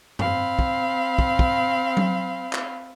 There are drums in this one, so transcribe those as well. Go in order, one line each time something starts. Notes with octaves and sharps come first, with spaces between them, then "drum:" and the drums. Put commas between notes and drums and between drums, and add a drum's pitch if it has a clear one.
C4 F5 B5, drum: tom F#2
drum: kick
drum: kick
drum: kick
drum: tom F#3
drum: clap